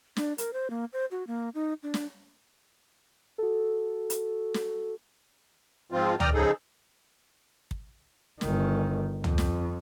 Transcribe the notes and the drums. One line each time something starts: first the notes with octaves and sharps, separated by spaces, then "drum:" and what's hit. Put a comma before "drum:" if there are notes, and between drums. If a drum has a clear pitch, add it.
D4, drum: snare
A#4, drum: hi-hat
C5
A#3
C5
F#4
A#3
D#4
D4
drum: snare
F#4 A4
drum: hi-hat
drum: snare
G#2 F3 C4 F4
G2 D5 G5 A#5 D#6 F6, drum: tom
C#3 F3 D#4 G#4 A4
drum: kick
G1 D#3, drum: snare
F2, drum: tom
drum: snare